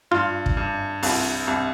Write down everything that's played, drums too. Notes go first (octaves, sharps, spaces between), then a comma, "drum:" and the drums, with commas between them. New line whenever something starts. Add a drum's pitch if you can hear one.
G2 F4
drum: kick
G2
C2, drum: open hi-hat
C2